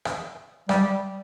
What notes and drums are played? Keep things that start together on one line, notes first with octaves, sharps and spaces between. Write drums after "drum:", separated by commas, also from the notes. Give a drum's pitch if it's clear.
drum: rim click
G3, drum: rim click